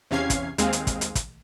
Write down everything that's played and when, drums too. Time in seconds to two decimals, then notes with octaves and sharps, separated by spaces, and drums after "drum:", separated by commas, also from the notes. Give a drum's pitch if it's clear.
0.11 E2 C3 C#4 F5 G#6 C7
0.30 drum: kick, hi-hat
0.58 D#2 G#3 C4 G#4 F5, drum: hi-hat
0.73 drum: hi-hat
0.87 drum: kick, hi-hat
1.01 drum: hi-hat
1.15 drum: kick, hi-hat